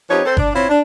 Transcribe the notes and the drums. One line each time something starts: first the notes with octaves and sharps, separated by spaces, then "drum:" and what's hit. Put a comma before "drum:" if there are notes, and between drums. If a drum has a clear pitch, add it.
F3 C4 D#4 G4 B4 C#5
C4 A4 C5
D4 D5, drum: kick G1
C4 E4 F4 C5 C#5
D4